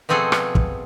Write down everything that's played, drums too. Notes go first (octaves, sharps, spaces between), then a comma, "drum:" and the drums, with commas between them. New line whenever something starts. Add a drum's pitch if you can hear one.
B2 F3 C4 G#4 A4 F#5
drum: rim click
drum: kick